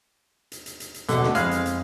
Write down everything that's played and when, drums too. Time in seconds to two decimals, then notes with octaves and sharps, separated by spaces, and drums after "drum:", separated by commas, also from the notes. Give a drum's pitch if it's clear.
0.52 drum: hi-hat
0.66 drum: hi-hat
0.80 drum: hi-hat
0.94 drum: hi-hat
1.09 E2 B2 D3 A4 F#5, drum: hi-hat
1.23 drum: snare
1.35 F2 E3 G#3 F5, drum: hi-hat
1.51 drum: hi-hat
1.66 drum: hi-hat